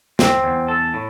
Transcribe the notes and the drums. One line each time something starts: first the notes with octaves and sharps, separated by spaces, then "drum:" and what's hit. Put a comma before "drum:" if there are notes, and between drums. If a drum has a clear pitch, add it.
C4, drum: snare
E2
A4
A2